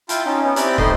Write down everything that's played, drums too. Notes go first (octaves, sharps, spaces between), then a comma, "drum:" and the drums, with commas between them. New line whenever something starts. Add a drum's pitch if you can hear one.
E4 F4 G5 A5, drum: hi-hat
C#4 D#4
B3 C#4
C4 E4 G4 D5 B5 F#6, drum: hi-hat
A3 B3 D#4 C5 D#5 C6, drum: kick